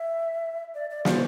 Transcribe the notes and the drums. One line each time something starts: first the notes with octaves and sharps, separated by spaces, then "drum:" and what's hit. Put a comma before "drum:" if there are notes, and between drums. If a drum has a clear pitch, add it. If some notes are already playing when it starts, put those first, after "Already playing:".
Already playing: E5
D5
D5
C5, drum: snare